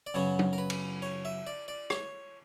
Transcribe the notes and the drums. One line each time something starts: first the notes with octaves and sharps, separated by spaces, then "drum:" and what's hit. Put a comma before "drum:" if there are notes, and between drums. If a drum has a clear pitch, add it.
D5
F#2 C#3 F#3 B3 C#5
drum: tom F#3
A#4
B4
drum: cymbal
C#5
E5
D5
D5
C#5, drum: rim click